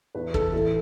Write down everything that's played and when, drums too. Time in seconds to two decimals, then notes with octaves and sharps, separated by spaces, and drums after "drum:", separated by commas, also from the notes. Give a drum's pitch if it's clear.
0.15 E2 E3 B4
0.34 A4, drum: kick
0.53 A2 E3 A4